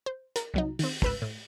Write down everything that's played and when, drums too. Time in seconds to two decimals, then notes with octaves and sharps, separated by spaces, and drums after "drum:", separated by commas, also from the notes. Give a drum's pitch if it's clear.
0.06 C5
0.36 A#4, drum: hi-hat
0.54 C2 F#3 D#4
0.79 D#3 C4, drum: open hi-hat
1.02 G#1 C#2 B4 E6 F#6, drum: kick
1.22 A2